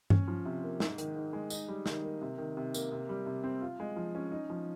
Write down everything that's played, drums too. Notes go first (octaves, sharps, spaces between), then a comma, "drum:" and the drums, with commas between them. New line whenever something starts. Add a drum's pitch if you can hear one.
C#4, drum: tom G2
F3
C3
A#3
G#2, drum: snare
D#3, drum: hi-hat
G#2
G#3
D#4, drum: tambourine
G3
D#3, drum: snare
A#3
C3
D#3
C3
A#3, drum: tambourine
C3
G3
C3
C4
F4
G#3
F3
C#4
D#4
F3